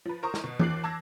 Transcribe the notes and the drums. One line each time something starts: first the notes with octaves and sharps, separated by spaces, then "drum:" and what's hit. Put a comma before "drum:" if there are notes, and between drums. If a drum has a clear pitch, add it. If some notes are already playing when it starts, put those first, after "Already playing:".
F3 B4
A#4 C5 A#5 C#6 D#6
drum: snare
B2
D#2 F3 D6 F#6 C7 F#7, drum: tom E3
A5 D6 E6 G#6 A#6